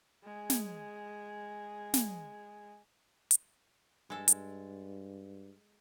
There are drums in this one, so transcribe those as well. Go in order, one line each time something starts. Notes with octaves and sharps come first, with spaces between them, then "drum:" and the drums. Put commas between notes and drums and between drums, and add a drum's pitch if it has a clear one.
G#3 G#4
drum: snare
drum: snare
drum: hi-hat
G2 G#3 A4
drum: hi-hat